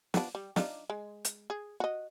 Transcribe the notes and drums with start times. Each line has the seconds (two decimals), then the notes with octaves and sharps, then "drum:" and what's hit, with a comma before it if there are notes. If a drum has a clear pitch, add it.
0.14 F3 B3 D4, drum: snare
0.35 G3
0.56 D4 D#4 F4, drum: snare
0.90 G#3
1.25 drum: hi-hat
1.50 G#4
1.80 F#4 D#5